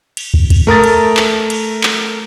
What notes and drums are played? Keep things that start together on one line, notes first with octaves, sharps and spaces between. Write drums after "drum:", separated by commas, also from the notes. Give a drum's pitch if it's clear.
drum: cymbal
drum: kick
drum: kick, cymbal
A3 A#4 D#6 A6
drum: cymbal
drum: clap
drum: cymbal
drum: clap